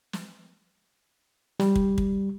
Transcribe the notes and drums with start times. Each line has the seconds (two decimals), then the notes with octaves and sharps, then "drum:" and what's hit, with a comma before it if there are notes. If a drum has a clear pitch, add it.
0.13 drum: snare
1.60 G3, drum: snare
1.76 drum: kick
1.98 drum: kick